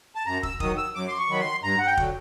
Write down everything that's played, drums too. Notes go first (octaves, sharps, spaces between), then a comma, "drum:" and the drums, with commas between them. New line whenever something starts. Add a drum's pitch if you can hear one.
A5
F#2 A#5
E6, drum: kick
D#3 F#3 D#6, drum: kick
E6
F#2 D6
C6
C#6
D#3 F#3 B5
C6
G2 A#5
F#5
G5
D3 F#3, drum: kick